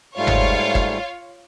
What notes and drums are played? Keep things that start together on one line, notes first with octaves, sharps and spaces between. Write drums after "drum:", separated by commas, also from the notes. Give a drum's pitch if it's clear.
G#2 G3 A3 F4 C#5 F5
drum: tom G1
drum: kick